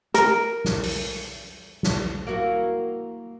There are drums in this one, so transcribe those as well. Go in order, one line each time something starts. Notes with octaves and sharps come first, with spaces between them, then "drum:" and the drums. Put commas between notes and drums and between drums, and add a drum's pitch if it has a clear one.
A#4, drum: hi-hat
drum: snare
drum: open hi-hat
drum: snare
A#3 E4 F#4